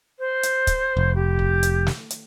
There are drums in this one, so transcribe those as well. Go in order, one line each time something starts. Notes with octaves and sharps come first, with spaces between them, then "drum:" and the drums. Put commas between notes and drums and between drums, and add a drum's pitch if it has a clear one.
C5
drum: hi-hat
drum: kick, hi-hat
F1
G4
drum: kick
drum: hi-hat
drum: snare
drum: hi-hat